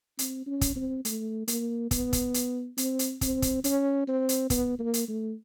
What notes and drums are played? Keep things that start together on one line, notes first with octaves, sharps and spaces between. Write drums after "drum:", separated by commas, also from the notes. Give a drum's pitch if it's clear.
C4, drum: hi-hat
C#4
drum: kick, hi-hat
C4
A3, drum: hi-hat
A#3, drum: hi-hat
B3, drum: kick, hi-hat
drum: kick, hi-hat
drum: hi-hat
C4, drum: hi-hat
drum: hi-hat
C4, drum: kick, hi-hat
drum: kick, hi-hat
C#4, drum: hi-hat
C4
drum: hi-hat
B3, drum: kick, hi-hat
A#3
drum: hi-hat
A3